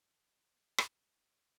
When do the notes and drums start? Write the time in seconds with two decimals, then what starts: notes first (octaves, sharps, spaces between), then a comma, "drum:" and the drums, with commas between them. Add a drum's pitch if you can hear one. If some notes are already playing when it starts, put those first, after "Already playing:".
Already playing: A3 D4 A4
0.09 B4
0.20 C#5
0.35 D5
0.78 drum: rim click
1.23 E5
1.37 F#5